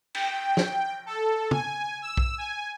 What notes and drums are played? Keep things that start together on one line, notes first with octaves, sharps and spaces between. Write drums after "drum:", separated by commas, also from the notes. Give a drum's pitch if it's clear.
G5, drum: cymbal
drum: snare
A4
G#5, drum: tom
E6
drum: kick B1
G#5